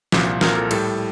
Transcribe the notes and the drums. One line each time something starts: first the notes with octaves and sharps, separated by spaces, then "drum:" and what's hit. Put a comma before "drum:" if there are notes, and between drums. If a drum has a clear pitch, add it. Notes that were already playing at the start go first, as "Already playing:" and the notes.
C2 A#2 F3, drum: snare
C2 A#2 F3 A#4, drum: snare
A4
A2 G3 A4, drum: cymbal